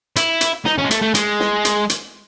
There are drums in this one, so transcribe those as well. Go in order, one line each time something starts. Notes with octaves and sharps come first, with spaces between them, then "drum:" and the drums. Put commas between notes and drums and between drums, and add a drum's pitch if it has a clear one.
E4, drum: hi-hat
drum: hi-hat
D#4, drum: snare
C#4
G#3
A3, drum: hi-hat
A3
G#3, drum: hi-hat
drum: snare
drum: hi-hat
drum: hi-hat